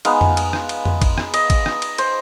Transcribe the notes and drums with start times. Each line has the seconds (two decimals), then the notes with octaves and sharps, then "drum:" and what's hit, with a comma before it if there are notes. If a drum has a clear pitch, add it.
0.05 G#3 B3 D#4 F5, drum: cymbal
0.21 drum: tom F2
0.37 drum: cymbal
0.53 drum: rim click
0.69 drum: cymbal
0.85 drum: tom F2
1.02 drum: kick, cymbal
1.18 drum: rim click
1.34 D#5, drum: cymbal
1.50 drum: kick, cymbal
1.66 drum: rim click
1.82 drum: cymbal
1.98 C5, drum: cymbal